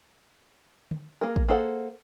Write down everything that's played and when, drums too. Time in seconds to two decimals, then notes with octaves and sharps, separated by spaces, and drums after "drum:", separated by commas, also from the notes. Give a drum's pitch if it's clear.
0.91 drum: tom D3
1.21 A#3 G#4 A#4
1.36 drum: kick
1.49 A#3 G#4 A4 C5 F#5